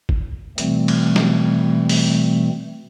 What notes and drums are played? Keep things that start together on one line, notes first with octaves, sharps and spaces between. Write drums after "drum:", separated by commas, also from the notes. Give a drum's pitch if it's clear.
drum: kick
B2 E3 G3 A3 C4, drum: hi-hat
drum: cymbal
drum: snare
drum: open hi-hat